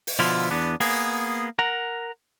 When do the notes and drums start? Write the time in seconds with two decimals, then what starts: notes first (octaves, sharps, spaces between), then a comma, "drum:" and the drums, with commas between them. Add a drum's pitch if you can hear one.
0.07 drum: open hi-hat
0.19 B2 D3 F3 E4 F4
0.51 E2 B3 D4
0.80 A#3 B3 G#4, drum: open hi-hat
1.59 A#4 F#5 A#5